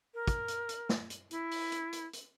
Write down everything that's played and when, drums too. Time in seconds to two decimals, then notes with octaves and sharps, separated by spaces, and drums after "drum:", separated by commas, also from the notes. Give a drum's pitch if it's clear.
0.14 A#4
0.27 drum: kick, hi-hat
0.48 drum: hi-hat
0.69 drum: hi-hat
0.89 drum: snare
1.10 drum: hi-hat
1.31 E4, drum: hi-hat
1.51 drum: open hi-hat
1.72 drum: hi-hat
1.93 drum: hi-hat
2.13 drum: hi-hat